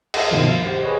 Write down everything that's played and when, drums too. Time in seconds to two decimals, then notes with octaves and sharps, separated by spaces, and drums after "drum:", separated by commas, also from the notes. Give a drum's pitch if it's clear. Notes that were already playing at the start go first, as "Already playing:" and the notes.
0.14 D#5 E5 A5 E6, drum: cymbal
0.31 G2 B2 D#3 F3
0.48 F5
0.63 G4 C5 F#5
0.83 G#4 B4 C#5 D#5